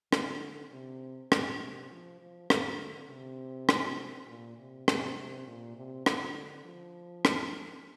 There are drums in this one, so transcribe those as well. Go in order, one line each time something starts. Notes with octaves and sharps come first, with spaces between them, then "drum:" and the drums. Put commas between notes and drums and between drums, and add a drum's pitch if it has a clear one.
D3, drum: rim click
C3
A#2, drum: rim click
C3
F3
F3
D3, drum: rim click
C3
drum: rim click
A#2
C3
C3, drum: rim click
C3
A#2
C3
D3, drum: rim click
F3
drum: rim click